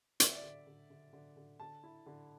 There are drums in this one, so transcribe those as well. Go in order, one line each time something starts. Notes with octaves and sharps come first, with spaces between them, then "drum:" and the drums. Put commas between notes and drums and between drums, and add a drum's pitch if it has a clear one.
D3 D5, drum: hi-hat
E5
D5
D3
D3
D3
D3
D3
D3 A5
E4
D3